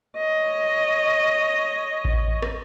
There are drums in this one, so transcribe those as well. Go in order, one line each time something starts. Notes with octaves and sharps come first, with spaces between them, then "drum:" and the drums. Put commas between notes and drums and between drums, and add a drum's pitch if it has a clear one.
C#5 D#5
drum: kick A1
drum: rim click